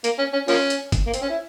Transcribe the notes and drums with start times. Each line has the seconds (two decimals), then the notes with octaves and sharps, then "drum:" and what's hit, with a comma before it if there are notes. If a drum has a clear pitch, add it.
0.04 A#3, drum: hi-hat
0.19 C#4
0.33 C#4
0.48 F3 A#3 C#4, drum: open hi-hat
0.70 drum: hi-hat
0.92 drum: kick, hi-hat
1.06 A#3
1.14 C4, drum: hi-hat
1.22 C#4
1.29 E4